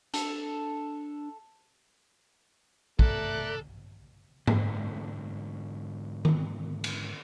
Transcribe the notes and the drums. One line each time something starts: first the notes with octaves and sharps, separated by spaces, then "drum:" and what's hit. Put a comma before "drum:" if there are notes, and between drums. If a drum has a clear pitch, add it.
D4 A4, drum: hi-hat
A3 A4 A#4 D5 B5 F#6, drum: kick
G#2 D3, drum: tom G#2
drum: tom D#3
drum: cymbal